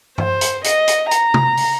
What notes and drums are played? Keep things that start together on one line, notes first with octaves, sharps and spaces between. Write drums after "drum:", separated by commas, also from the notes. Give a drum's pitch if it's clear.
C5, drum: tom G2
drum: hi-hat
D#5, drum: hi-hat
drum: hi-hat
A#5, drum: hi-hat
drum: tom
drum: open hi-hat